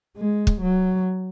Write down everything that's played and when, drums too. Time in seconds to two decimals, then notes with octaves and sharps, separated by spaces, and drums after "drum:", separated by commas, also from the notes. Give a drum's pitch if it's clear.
0.17 G#3
0.47 drum: kick
0.61 F#3